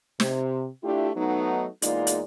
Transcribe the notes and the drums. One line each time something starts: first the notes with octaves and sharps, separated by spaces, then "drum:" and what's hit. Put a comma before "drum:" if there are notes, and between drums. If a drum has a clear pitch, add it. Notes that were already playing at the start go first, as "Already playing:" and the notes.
C3, drum: snare
A3 D4 E4 F4 G4
F#3 A3 B3 D#4
E2 G#3 A#3 D#4 F4 D5, drum: hi-hat
drum: hi-hat